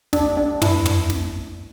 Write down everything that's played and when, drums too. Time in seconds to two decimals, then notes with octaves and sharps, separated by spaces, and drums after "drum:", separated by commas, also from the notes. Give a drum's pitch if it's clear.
0.13 D4, drum: snare
0.37 D4
0.62 E4, drum: tom
0.86 drum: tom
1.10 drum: snare